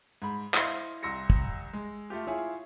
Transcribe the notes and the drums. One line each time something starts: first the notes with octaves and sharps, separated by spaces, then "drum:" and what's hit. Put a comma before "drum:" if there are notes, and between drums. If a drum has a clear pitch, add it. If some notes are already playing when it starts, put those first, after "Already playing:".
G#2 B5
E4 C5 D#5 F5 C6, drum: clap
C2 C6 E6 A#6 C#7
drum: kick
G#3
A3 F4 G4
E4 F4 G#4 C#5 E5